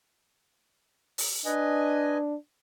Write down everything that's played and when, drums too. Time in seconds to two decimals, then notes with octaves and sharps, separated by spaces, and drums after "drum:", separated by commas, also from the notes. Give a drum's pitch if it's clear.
1.18 drum: open hi-hat
1.45 D4 B4 D#5 G#5